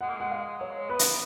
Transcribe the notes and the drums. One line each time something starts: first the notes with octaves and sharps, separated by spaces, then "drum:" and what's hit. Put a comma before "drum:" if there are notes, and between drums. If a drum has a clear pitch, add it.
G#3 F#5
A#3
G#3 F#5
F5
G#3
F#3 C#5
G#3
B3 B4
drum: hi-hat